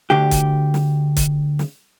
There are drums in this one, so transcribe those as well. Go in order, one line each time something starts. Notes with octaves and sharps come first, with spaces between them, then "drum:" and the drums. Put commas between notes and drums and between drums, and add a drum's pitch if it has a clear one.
D2 D3 G4
drum: kick C#1, hi-hat
drum: snare
drum: kick C#1, hi-hat
drum: snare